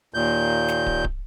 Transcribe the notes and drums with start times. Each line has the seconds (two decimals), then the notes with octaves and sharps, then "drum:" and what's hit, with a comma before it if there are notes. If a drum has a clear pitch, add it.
0.14 D#2 A#2 G6
0.68 drum: snare
0.86 drum: kick
1.04 drum: kick